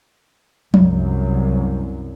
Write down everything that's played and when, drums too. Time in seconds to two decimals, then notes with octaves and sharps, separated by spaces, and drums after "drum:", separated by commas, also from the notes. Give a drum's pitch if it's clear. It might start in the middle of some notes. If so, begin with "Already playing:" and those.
0.74 C2 F#2, drum: tom F3